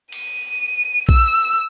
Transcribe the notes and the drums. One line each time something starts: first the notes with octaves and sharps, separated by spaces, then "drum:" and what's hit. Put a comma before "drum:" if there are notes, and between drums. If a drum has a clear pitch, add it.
D#7, drum: cymbal
E6, drum: kick A#1